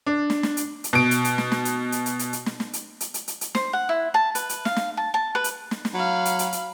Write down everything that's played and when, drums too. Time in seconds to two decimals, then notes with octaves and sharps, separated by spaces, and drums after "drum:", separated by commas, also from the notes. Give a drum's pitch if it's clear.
0.07 D4
0.30 drum: snare
0.43 drum: snare
0.57 drum: hi-hat
0.84 drum: hi-hat
0.93 B2 D7
1.11 drum: hi-hat
1.25 drum: hi-hat
1.38 drum: snare
1.52 drum: snare
1.65 drum: hi-hat
1.92 drum: hi-hat
2.06 drum: hi-hat
2.19 drum: hi-hat
2.33 drum: hi-hat
2.46 drum: snare
2.60 drum: snare
2.73 drum: hi-hat
3.00 drum: hi-hat
3.14 drum: hi-hat
3.28 drum: hi-hat
3.41 drum: hi-hat
3.55 C5, drum: snare
3.73 F#5
3.89 E4
4.14 A5
4.35 B4, drum: hi-hat
4.49 drum: hi-hat
4.65 F5, drum: snare
4.76 drum: snare
4.97 A5
5.14 A5
5.35 B4
5.44 drum: hi-hat
5.71 drum: snare
5.85 drum: snare
5.94 F#3 F5 B5
6.25 drum: hi-hat
6.39 drum: hi-hat
6.52 drum: hi-hat